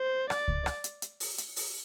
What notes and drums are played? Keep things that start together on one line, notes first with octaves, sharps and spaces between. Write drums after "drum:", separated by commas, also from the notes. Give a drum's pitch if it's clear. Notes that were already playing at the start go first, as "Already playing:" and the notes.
Already playing: C5
D5, drum: rim click
drum: kick C#2
drum: rim click
drum: hi-hat
drum: hi-hat
drum: open hi-hat
drum: hi-hat
drum: open hi-hat